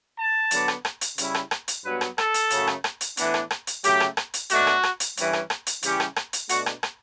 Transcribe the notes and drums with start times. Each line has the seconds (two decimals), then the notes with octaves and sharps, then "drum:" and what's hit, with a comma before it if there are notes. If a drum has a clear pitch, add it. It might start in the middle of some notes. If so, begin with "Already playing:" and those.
0.18 A5
0.51 D3 F#3 B3 D4, drum: hi-hat
0.68 drum: rim click
0.85 drum: rim click
1.01 drum: hi-hat
1.18 C#3 G3 C#4 E4, drum: hi-hat
1.34 drum: rim click
1.51 drum: rim click
1.68 drum: hi-hat
1.84 G2 F#3 B3 B4
2.01 drum: rim click
2.18 A4, drum: rim click
2.34 drum: hi-hat
2.50 F#2 C#3 F#3 A3, drum: hi-hat
2.67 drum: rim click
2.84 drum: rim click
3.01 drum: hi-hat
3.17 A2 E3 B3 D4, drum: hi-hat
3.34 drum: rim click
3.51 drum: rim click
3.67 drum: hi-hat
3.84 C#3 F#3 A3 G4, drum: hi-hat
4.00 drum: rim click
4.17 drum: rim click
4.34 drum: hi-hat
4.50 B2 A3 D4 F#4, drum: hi-hat
4.67 drum: rim click
4.83 drum: rim click
5.00 drum: hi-hat
5.17 G2 E3 G3 C#4, drum: hi-hat
5.33 drum: rim click
5.50 drum: rim click
5.67 drum: hi-hat
5.83 C#3 E3 G3 C#4 E4 G4, drum: hi-hat
6.00 drum: rim click
6.16 drum: rim click
6.33 drum: hi-hat
6.49 B2 A3 D4 F#4, drum: hi-hat
6.66 drum: rim click
6.83 drum: rim click